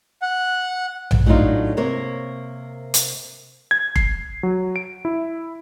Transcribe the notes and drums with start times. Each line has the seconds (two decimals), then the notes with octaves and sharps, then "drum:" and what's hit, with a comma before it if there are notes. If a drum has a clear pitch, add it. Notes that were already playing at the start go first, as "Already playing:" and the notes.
0.22 F#5
1.11 drum: tom A#1
1.26 A2 F#3 D4 D#4 F4
1.77 C3 A#3 A#4 C#5
2.94 drum: hi-hat
3.71 G#6
3.96 C7, drum: kick F1
4.43 F#3
4.76 D7
5.05 E4